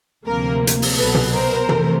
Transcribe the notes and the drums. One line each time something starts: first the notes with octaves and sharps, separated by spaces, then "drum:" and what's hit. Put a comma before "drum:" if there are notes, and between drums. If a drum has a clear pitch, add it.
D2 C3 F3 A#3 A#4
drum: hi-hat
drum: open hi-hat
C2 B2 F#3 B3 A4 B4
drum: tom
A#4 C5
F2 C3 E3 A3, drum: tom